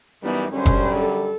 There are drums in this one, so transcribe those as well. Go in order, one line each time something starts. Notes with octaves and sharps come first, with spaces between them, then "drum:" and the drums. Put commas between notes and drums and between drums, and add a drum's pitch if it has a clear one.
F#2 E3 G3 B3 D#4
F#2 D3 G3 C#4 C5
drum: kick F#1, hi-hat
A4